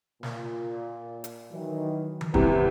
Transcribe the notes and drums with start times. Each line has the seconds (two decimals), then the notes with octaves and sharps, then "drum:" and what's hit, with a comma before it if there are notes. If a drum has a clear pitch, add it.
0.23 A#2, drum: snare
1.24 drum: hi-hat
1.52 D#3 E3 F#3
2.21 drum: tom D#3
2.34 E2 C3 E4 B4, drum: kick